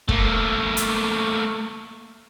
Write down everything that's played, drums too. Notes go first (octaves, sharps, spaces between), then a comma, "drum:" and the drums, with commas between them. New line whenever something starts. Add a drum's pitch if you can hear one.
A3 A#3, drum: kick
drum: hi-hat